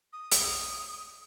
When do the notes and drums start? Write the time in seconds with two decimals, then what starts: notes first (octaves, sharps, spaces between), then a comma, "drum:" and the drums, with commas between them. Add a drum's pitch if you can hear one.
0.13 D#6
0.31 drum: hi-hat